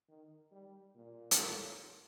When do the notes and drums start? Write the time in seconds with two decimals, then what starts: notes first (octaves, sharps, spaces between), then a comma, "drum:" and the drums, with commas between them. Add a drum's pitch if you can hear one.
0.09 D#3
0.52 G3
0.96 A#2
1.31 A#4, drum: hi-hat
1.39 F4 A4